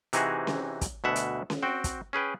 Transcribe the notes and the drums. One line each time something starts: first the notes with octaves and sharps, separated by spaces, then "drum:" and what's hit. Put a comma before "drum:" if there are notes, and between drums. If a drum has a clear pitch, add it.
C3 E3 D#4 F#4 G#4, drum: hi-hat
drum: snare C#4
drum: kick, hi-hat
D2 B2 E5 F#5
drum: hi-hat
drum: snare C#4
C4 F#4 G5
drum: kick, hi-hat
C#4 G#4 B4 G5